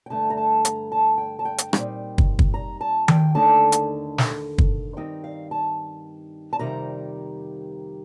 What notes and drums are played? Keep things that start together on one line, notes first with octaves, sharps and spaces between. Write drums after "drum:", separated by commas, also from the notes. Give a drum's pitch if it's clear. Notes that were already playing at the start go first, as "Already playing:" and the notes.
G5
G2 D3 A3 A5
A#5
A5
A#5, drum: hi-hat
A5
G5
A5
G5
drum: hi-hat
A#2 G3 C4 D#4, drum: rim click
drum: kick
drum: kick
A#5
A5
G5, drum: tom D#3
D#2 D3 A3 D#4 A5
drum: hi-hat
drum: snare
drum: kick
G2 D#3 G3 C4 D#4 G5
F5
A5
A5
F2 C3 D#3 G3 A#5